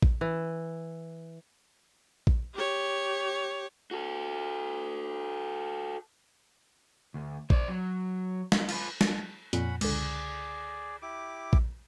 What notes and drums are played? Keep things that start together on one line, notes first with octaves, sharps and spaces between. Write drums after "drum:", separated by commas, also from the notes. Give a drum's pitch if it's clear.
drum: kick A1
E3
drum: kick A1
G4 C#5
F#4 A4
D2
C5 D5, drum: kick A1
F#3
drum: snare
F4 B4, drum: cymbal
drum: snare
F2 A#2 C#4 F#5 B5, drum: hi-hat
C#2 D3 G#4 D5, drum: cymbal
E4 G4 D6
drum: kick A1